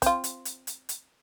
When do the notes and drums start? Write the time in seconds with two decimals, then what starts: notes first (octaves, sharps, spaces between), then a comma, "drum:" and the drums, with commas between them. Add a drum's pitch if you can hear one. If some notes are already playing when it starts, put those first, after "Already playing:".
0.02 C4 F4, drum: kick, hi-hat
0.24 drum: hi-hat
0.45 drum: hi-hat
0.67 drum: hi-hat
0.89 drum: hi-hat